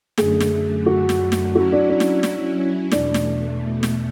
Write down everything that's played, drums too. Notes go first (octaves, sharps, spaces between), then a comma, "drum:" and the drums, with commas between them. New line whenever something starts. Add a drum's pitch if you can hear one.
F#2 D3 A3 G#4, drum: snare
drum: snare
F#4
drum: snare
drum: snare
F#3 C#4 E4 F#4
D4
D4
drum: snare
drum: snare
E2 B2 A3 D4, drum: snare
drum: snare
drum: snare